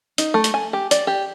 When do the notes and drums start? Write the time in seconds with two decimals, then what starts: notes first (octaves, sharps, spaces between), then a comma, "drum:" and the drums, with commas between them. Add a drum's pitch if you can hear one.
0.18 D#4, drum: hi-hat
0.34 A3
0.44 drum: hi-hat
0.54 G#5
0.73 G4
0.91 D5, drum: hi-hat
1.07 G4